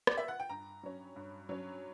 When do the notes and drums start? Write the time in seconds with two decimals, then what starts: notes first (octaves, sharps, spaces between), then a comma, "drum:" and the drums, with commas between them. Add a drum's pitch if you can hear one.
0.07 D5, drum: rim click
0.18 E5
0.28 F#5
0.40 G5
0.49 G2 A#5
0.83 F#3 C#4
1.16 G2
1.49 F#3 C#4